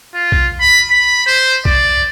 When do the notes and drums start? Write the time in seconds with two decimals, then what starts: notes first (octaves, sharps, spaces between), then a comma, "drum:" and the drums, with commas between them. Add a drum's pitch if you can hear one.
0.14 F4
0.32 drum: kick B1
0.61 B5
0.90 B5
1.26 C5
1.65 D5, drum: kick B1